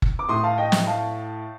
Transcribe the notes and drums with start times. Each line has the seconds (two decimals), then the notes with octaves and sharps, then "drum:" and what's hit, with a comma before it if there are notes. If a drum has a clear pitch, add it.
0.02 drum: kick F#1
0.19 D6
0.29 A2 C6 D#6
0.44 F5 A5
0.58 D#5 G5
0.72 drum: snare
0.87 F5 A5